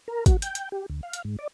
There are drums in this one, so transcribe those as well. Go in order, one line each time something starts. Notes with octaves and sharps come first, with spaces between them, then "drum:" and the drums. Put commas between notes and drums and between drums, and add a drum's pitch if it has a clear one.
A#4
F#4, drum: kick, hi-hat
G5, drum: hi-hat
drum: hi-hat
G4
D2
F5
drum: hi-hat
G#2
D5